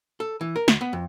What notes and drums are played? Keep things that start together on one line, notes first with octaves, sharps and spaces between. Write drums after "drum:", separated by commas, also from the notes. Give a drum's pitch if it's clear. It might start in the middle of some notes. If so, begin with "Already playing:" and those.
A4
E3
A#4
D2, drum: snare
B3
F2